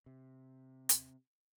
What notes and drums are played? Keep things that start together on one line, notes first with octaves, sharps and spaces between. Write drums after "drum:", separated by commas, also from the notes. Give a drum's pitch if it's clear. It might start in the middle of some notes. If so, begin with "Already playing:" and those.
C3
drum: hi-hat